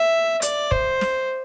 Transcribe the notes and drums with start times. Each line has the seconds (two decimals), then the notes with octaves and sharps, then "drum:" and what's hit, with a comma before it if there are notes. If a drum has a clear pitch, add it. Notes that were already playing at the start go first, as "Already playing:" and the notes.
Already playing: E5
0.42 D5, drum: hi-hat
0.71 C5, drum: kick
1.01 drum: snare